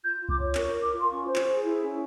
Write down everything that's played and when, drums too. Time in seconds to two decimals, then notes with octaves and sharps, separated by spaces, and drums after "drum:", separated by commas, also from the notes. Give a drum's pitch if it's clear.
0.01 F4 G6
0.19 F4
0.29 D6, drum: kick
0.37 C#5
0.55 A#4 C#6, drum: clap
0.73 F4
0.82 D6
0.90 F4
0.98 C6
1.09 C#4 C#6
1.27 C5
1.36 C#6, drum: clap
1.44 G#4
1.62 E4
1.80 C#4